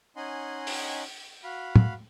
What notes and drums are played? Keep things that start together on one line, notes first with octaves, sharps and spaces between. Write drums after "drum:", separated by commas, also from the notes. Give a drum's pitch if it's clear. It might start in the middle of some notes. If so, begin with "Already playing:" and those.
C#4 D#4 D#5 F#5 G#5 C6
drum: open hi-hat
F#4 F5 B5
drum: tom